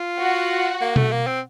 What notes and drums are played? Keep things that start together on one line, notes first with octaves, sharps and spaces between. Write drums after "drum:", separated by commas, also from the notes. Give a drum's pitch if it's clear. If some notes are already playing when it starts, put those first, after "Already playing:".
Already playing: F4
F#4 F#5
A#3
A3, drum: tom B2
A#3
C4